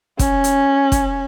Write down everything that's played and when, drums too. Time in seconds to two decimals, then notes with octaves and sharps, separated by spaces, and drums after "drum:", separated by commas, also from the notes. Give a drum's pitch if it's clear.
0.19 C#4, drum: kick, hi-hat
0.44 drum: hi-hat
0.92 drum: kick, hi-hat